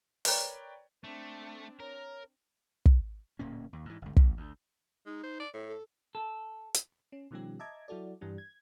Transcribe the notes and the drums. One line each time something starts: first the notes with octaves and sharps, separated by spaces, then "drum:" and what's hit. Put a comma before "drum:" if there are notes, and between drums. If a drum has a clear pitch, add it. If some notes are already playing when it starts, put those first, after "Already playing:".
A#4 B4 C#5 D5 G5 A#5, drum: open hi-hat
A3 C4 D4
A#4 C#5
drum: kick
D1 A#2 A#3 C#4
D#2
G#2 E3
G1 C#2
A1, drum: kick
D2
G#3 D#4
C5
D5
A2
A4
A4
drum: hi-hat
C#4
B2 D#3 F3 G3 C#4 G4
D#5 E5 A5 A#5 D6 G#6
F#3 E4 F#4 A4 D5
G2 E3 G3 D4
G#6